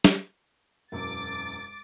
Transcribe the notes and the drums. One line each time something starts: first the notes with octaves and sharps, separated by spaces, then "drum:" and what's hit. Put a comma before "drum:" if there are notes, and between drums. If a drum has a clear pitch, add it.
drum: snare
E1 F#2 D6 A6